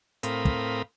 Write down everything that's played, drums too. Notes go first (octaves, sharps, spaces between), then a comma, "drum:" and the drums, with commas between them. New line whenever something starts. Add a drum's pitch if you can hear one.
A2 C4 A#4 F5 B5 D#6, drum: hi-hat
drum: kick